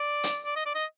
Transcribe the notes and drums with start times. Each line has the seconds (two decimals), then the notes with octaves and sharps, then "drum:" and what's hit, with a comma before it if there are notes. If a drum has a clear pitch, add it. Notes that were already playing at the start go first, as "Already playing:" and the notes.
Already playing: D5
0.24 drum: hi-hat
0.46 D5
0.56 D#5
0.66 D5
0.75 D#5